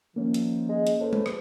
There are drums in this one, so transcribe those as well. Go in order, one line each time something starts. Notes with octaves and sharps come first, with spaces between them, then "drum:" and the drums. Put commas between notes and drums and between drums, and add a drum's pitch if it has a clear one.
D#3 F3 A#3 C#4
drum: hi-hat
G#3
drum: hi-hat
A2 G#4 B4 C5
drum: tom G#3
drum: rim click